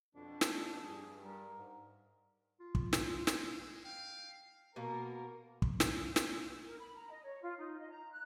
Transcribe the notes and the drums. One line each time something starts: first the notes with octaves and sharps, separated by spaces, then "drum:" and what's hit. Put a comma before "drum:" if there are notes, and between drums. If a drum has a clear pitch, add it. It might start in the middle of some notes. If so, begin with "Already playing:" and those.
F2 B2 D4
drum: snare
G2 G#4
G3 A#4
G#2
F4
drum: kick
drum: snare
G#3, drum: snare
F5 G5
B2 A#3 A#4
drum: kick
drum: snare
drum: snare
A#4
B5
A#5
D#5
C#5
F4
D#4
D#5
A#5
F#6